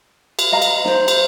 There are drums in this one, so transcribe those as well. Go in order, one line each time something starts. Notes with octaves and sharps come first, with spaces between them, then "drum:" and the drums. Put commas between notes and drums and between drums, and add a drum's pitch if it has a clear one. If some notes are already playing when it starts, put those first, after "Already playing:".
drum: cymbal
D#5 F5 A#5
drum: cymbal
C5, drum: snare
drum: cymbal